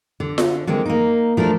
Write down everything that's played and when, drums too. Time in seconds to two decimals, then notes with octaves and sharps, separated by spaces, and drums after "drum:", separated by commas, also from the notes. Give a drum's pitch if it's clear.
0.20 D3
0.38 drum: snare F4
0.67 D3 G#3 A#3 C4
0.85 A#3 D#4
1.37 F3 A3 D4 A#4